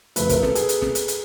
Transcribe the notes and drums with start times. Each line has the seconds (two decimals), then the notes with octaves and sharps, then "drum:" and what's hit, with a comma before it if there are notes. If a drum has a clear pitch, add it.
0.16 F2 C#3 F3 A3 B4, drum: hi-hat
0.29 A#4, drum: kick, hi-hat
0.43 A4, drum: snare
0.55 G#4, drum: hi-hat
0.69 drum: hi-hat
0.82 drum: snare
0.95 drum: hi-hat
1.08 drum: hi-hat